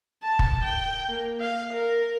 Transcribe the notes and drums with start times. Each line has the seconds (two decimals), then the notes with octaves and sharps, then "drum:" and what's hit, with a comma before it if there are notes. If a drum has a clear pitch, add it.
0.23 A5
0.39 drum: kick
0.64 G5
1.08 A#3
1.41 F5
1.73 A#4